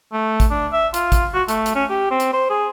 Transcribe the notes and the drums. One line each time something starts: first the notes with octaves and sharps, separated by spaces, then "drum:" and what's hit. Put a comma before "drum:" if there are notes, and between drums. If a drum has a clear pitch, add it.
A3
drum: kick A1, hi-hat
D4
E5
F4, drum: hi-hat
drum: kick A1, hi-hat
F#4
A3, drum: hi-hat
drum: hi-hat
C#4
G4
C4
drum: hi-hat
C5
G#4